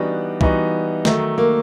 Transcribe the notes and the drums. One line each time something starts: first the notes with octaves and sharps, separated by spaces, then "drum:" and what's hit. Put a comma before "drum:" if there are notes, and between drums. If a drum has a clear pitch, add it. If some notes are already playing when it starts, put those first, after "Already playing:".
Already playing: E3 G3 B3 D4 D#4 F#4
E3 G3 B3 D#4 F#4, drum: kick C2
D#3 F#3 A3, drum: snare
A#3